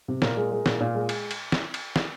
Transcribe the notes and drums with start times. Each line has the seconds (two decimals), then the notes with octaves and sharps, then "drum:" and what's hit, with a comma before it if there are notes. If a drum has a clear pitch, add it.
0.08 C3
0.22 A#2 A#4, drum: snare
0.37 G#3
0.52 G#3
0.66 A#2, drum: snare
0.80 A#2
0.95 G#3
1.09 drum: cymbal
1.31 drum: cymbal
1.52 drum: snare
1.74 drum: cymbal
1.96 drum: snare